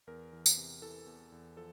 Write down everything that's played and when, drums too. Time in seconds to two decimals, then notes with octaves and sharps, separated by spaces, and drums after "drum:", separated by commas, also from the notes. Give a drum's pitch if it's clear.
0.07 E2 A#4
0.33 E3
0.46 drum: tambourine
0.57 C3
0.82 E3 A4
1.06 E2
1.32 E2
1.56 F3 A4